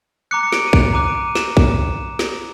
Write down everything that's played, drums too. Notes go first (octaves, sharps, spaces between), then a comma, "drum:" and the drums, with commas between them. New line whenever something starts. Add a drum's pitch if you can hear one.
A#5 D6 F#6 C#7
C#7
D7, drum: snare
D#7
D7, drum: kick
A#5 D6 F#6 D#7
D7
D#7
E7, drum: snare
drum: kick
drum: snare